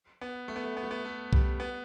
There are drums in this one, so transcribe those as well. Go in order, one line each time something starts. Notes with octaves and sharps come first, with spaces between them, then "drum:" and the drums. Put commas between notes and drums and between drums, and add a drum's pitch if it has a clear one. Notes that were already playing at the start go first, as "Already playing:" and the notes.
B3
A3
B3
A3
B3
A3
B3
A3
G3, drum: kick B1
B3